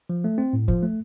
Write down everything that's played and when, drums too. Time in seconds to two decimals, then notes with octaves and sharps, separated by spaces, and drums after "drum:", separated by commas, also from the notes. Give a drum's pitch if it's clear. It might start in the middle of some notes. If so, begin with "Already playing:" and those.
0.09 F3
0.24 A3
0.38 C4
0.53 A2
0.68 F3, drum: kick
0.82 A3